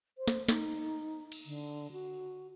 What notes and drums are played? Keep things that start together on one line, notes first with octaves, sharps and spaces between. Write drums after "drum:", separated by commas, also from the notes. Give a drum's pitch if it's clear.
C5
drum: snare
D#4, drum: snare
drum: cymbal
D3
F#4